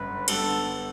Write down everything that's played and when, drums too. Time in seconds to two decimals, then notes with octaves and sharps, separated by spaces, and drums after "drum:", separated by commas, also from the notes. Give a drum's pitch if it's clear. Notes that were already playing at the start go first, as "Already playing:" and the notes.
Already playing: G1 F#2 C#3 B4
0.28 D3 G3 B3 A4, drum: cymbal